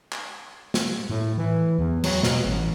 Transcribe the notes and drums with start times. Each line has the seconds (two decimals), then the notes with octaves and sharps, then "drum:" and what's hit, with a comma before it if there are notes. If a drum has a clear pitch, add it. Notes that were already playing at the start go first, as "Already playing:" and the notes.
0.12 drum: clap
0.74 drum: snare
1.10 A2
1.38 E3
1.79 E2
2.04 F#3, drum: cymbal
2.23 B2, drum: snare
2.46 A1